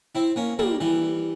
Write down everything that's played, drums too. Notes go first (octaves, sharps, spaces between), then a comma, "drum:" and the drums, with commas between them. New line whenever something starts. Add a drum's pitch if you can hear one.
C4 E4
A#3 C#4
G3 A#3, drum: tom
E3 G3